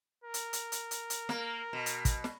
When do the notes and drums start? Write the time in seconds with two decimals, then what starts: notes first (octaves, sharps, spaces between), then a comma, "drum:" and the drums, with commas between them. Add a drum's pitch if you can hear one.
0.24 A#4
0.34 drum: hi-hat
0.53 drum: hi-hat
0.72 drum: hi-hat
0.91 drum: hi-hat
1.10 drum: hi-hat
1.29 A#3, drum: snare
1.73 B2
1.86 drum: hi-hat
2.05 drum: kick, hi-hat
2.24 drum: snare